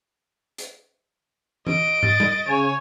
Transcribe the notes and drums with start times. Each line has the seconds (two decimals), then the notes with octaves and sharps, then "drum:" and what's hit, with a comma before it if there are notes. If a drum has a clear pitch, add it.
0.58 drum: hi-hat
1.67 D#5 D7, drum: tom E3
2.03 A6, drum: tom
2.20 drum: tom G3
2.48 C#3 C#5 G#5